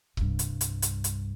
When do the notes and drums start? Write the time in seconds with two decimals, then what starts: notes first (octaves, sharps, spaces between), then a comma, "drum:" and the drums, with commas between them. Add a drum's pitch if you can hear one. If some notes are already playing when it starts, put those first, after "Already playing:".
0.17 C2 G2, drum: kick C#1
0.39 drum: hi-hat
0.61 drum: hi-hat
0.82 drum: hi-hat
1.04 drum: hi-hat